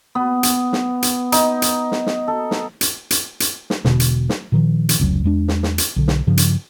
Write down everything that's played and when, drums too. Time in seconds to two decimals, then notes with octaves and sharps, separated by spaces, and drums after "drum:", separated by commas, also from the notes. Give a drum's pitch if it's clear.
0.15 B3
0.43 drum: hi-hat
0.73 drum: snare
1.02 drum: hi-hat
1.32 D#4, drum: hi-hat
1.62 drum: hi-hat
1.92 drum: snare
2.06 drum: snare
2.28 A4
2.51 drum: snare
2.81 drum: hi-hat
3.11 drum: hi-hat
3.40 drum: hi-hat
3.70 drum: snare
3.85 E1 B2 D3, drum: snare
4.00 drum: hi-hat
4.29 drum: snare
4.52 A#2 D#3 F3
4.89 drum: hi-hat
5.00 F1 C#2 F#3
5.24 E2 G#3 D4
5.48 drum: snare
5.63 drum: snare
5.78 drum: hi-hat
5.96 B1 D3
6.08 drum: snare
6.27 G2 C#3 F3
6.37 drum: hi-hat